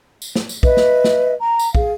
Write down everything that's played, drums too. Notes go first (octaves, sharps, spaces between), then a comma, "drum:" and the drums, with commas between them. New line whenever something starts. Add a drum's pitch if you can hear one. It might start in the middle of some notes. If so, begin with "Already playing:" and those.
drum: tambourine
drum: snare
drum: tambourine
B4 D#5 E5, drum: kick
drum: snare
drum: snare
A#5
drum: tambourine
G#4 F5, drum: kick